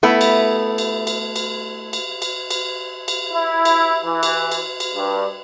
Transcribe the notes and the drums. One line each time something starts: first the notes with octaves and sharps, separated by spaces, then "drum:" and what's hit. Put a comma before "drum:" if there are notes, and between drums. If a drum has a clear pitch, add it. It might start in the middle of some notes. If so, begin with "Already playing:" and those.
A3 B3 E4
drum: cymbal
drum: cymbal
drum: cymbal
drum: cymbal
drum: cymbal
drum: cymbal
drum: cymbal
drum: cymbal
E4
drum: cymbal
E3
drum: cymbal
drum: cymbal
drum: cymbal
G2